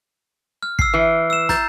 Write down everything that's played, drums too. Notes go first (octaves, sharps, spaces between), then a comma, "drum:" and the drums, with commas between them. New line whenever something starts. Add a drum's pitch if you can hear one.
F6
E6 C7, drum: kick
E3
E6 E7
A#5 G6 A6, drum: snare